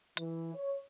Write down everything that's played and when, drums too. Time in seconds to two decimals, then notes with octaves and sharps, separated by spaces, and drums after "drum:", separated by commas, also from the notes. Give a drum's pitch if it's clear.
0.17 E3, drum: hi-hat
0.55 C#5